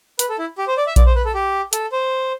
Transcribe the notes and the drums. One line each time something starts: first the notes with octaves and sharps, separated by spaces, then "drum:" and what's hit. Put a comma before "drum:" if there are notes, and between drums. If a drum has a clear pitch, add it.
B4, drum: hi-hat
A4
E4
G4
C5
D5
E5
D5, drum: kick A#1, hi-hat
C5
B4
A4
G4
A4, drum: hi-hat
C5